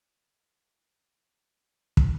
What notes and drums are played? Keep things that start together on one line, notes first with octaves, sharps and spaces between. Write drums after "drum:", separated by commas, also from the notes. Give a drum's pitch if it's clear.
F3 A3 D4 D#4
A2
drum: kick